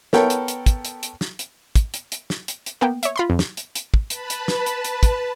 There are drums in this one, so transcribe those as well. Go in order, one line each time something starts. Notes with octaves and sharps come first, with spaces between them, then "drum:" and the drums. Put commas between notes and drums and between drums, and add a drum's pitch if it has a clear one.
B3 A4 A#4 C#5 G5, drum: snare
drum: hi-hat
drum: hi-hat
drum: kick, hi-hat
drum: hi-hat
drum: hi-hat
drum: snare
drum: hi-hat
drum: kick, hi-hat
drum: hi-hat
drum: hi-hat
drum: snare
drum: hi-hat
drum: hi-hat
A#3 B3 G5
C#5 E5, drum: hi-hat
F4 B5 C6
F2
drum: snare
drum: hi-hat
drum: hi-hat
drum: kick
B4 A5 B5, drum: hi-hat
drum: hi-hat
drum: snare
drum: hi-hat
drum: hi-hat
drum: kick, hi-hat